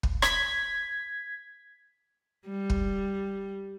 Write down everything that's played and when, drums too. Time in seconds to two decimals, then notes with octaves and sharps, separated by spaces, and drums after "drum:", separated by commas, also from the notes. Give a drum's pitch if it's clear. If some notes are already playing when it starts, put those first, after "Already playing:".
0.03 drum: kick
0.22 G#6 B6, drum: rim click
2.48 G3
2.70 drum: kick